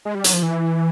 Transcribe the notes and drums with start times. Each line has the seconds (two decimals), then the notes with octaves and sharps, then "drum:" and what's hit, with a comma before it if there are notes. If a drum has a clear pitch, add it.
0.05 G#3
0.15 G3
0.24 F#3, drum: hi-hat
0.33 F3
0.43 E3